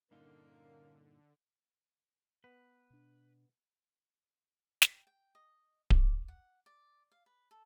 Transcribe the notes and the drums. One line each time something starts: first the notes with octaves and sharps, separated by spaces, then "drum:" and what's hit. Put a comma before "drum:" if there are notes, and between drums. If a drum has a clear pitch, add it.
G2 A#2 D3 A#3 C#4 D#4 A#4
B3 B4
B2 D4
G5, drum: snare
G5
D#5
G4, drum: kick D1
F#5
D5
F5
B4
A4